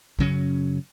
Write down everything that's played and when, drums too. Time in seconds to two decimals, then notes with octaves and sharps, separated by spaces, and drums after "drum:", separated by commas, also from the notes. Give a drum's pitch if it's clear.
0.19 F#2 C#3 F#3 C#4, drum: kick A#1